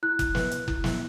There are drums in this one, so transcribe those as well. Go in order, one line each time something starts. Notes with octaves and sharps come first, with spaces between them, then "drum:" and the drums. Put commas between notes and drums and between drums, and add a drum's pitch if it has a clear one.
E4 F#6
drum: kick F#1, hi-hat
B4, drum: snare
drum: hi-hat
E4, drum: kick F#1
drum: snare